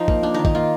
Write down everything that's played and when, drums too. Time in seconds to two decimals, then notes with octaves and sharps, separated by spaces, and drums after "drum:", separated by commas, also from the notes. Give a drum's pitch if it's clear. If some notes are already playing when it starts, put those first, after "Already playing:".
Already playing: F3 D#4
0.08 A#3, drum: kick
0.23 A#3 D4
0.34 D#3 D#4
0.45 D#4, drum: kick
0.55 A#3 F4